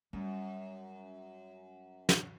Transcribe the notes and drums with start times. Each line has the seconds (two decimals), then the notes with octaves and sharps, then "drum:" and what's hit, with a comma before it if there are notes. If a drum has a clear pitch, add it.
0.13 F#2 G3
2.09 drum: snare